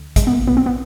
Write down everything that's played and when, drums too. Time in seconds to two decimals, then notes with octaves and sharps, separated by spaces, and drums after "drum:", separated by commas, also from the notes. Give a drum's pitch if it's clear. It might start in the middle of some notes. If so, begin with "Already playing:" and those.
Already playing: D2 D3
0.16 G#3, drum: kick, hi-hat
0.27 B3
0.32 A#3
0.47 B1 B2 B3
0.57 C4
0.66 B3